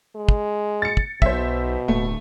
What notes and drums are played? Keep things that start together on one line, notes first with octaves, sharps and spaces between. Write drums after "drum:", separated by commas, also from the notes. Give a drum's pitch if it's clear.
G#3
drum: kick
A6 C#7
drum: kick
B1 B2 C5 E5, drum: kick
D1 A3